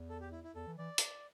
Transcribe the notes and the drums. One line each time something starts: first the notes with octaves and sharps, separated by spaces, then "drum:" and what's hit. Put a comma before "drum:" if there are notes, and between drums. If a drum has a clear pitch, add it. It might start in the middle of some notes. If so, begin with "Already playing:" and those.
Already playing: E2
A4
G4
E4
E4
E2 A4
E3
E3 D5
drum: hi-hat